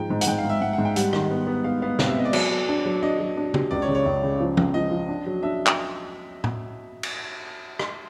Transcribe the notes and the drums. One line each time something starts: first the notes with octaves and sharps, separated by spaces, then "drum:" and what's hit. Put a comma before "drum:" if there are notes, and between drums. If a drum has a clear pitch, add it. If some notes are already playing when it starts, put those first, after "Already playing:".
Already playing: G#2 F3 G#3 G5
G#2
F#5, drum: hi-hat
G#2 G5
F5
G#2
E5
G#2 F#5
G#2 F#5
G5
G3 F#5, drum: hi-hat
D#3, drum: rim click
B3
B3
B3 F5
B3 F5
C3 F5, drum: snare
E5
B3 D#5
D5
F#3, drum: cymbal
F#3
D4
F#3
D4 D#5
F#3
D4
G4, drum: tom
C#2 D5
C#5
C#3
C#5
C#2
C#3
F3
C#2, drum: tom
F3 D#5
F3
D4
F#3
D4 E5
drum: clap
drum: tom
drum: cymbal
drum: rim click